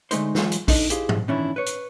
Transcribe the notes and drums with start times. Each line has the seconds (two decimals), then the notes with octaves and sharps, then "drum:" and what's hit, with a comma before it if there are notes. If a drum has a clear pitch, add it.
0.11 D3 G#3 A3 D#4 C5, drum: hi-hat
0.35 E3 F#3 G#3 F4, drum: snare
0.52 drum: hi-hat
0.68 D4 D#4 A4 D#5, drum: kick A#1, open hi-hat
0.90 E4 G4 G#4 C5 F5, drum: hi-hat
1.09 drum: tom G#2
1.28 E2 D#3 C#4 D4 E4
1.56 B4 C#5
1.66 drum: hi-hat